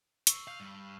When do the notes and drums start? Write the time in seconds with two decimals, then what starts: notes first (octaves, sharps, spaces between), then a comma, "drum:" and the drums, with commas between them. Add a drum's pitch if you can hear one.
0.27 C#6 E6 C7, drum: hi-hat
0.48 F5 F6 G6
0.60 G2